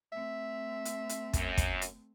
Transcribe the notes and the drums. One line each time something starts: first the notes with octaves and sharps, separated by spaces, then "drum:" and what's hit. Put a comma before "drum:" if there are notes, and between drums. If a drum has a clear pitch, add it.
A3 C4 E5
drum: hi-hat
drum: hi-hat
F#2, drum: kick, hi-hat
drum: kick, hi-hat
drum: hi-hat